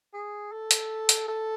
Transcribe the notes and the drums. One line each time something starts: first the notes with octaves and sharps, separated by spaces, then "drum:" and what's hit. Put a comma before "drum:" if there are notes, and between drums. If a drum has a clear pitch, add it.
G#4
A4
drum: hi-hat
drum: hi-hat
A4